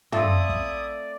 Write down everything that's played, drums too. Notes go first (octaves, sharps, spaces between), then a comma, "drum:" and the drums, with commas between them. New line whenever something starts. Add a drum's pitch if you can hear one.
A3 C4 E4 F4 D5 E5 D#6, drum: tom
drum: kick